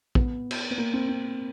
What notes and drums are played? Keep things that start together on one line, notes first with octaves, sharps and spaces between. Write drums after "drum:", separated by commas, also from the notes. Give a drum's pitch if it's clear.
B3, drum: kick
drum: cymbal
B3
A#3
C4
C4